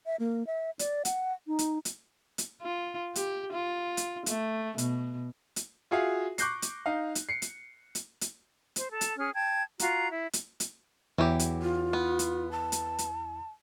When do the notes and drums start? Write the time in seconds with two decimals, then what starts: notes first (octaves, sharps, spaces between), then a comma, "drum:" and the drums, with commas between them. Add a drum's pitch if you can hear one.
0.06 E5
0.20 A#3
0.47 E5
0.79 D5, drum: hi-hat
1.05 F#5, drum: hi-hat
1.47 D#4
1.59 drum: hi-hat
1.85 drum: hi-hat
2.38 drum: hi-hat
2.61 F4
3.15 G4, drum: hi-hat
3.53 F4
3.97 drum: hi-hat
4.26 A3, drum: hi-hat
4.78 B2, drum: hi-hat
5.56 drum: hi-hat
5.91 F4 F#4 G#4 E5 F5
6.38 C#6 D6 F#6 G6 A#6 C7, drum: hi-hat
6.62 drum: hi-hat
6.86 D#4 F5
7.15 drum: hi-hat
7.29 C7 C#7
7.42 drum: hi-hat
7.95 drum: hi-hat
8.21 drum: hi-hat
8.76 C5, drum: hi-hat
8.91 A4 A5
9.01 drum: hi-hat
9.18 C#4 G#4 F6
9.35 G5 A5 G#6
9.79 F4 F#4 A#5, drum: hi-hat
10.09 E4
10.33 drum: hi-hat
10.60 drum: hi-hat
11.18 E2 E3 F#3 E4 G4
11.39 drum: hi-hat
11.62 F4
11.93 B3
12.19 drum: hi-hat
12.52 A5
12.72 drum: hi-hat
12.99 drum: hi-hat